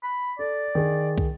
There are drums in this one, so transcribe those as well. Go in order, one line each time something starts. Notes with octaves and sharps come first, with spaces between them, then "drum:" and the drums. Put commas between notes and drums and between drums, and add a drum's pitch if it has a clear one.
B5
A4 D5
D#3 G#4
drum: kick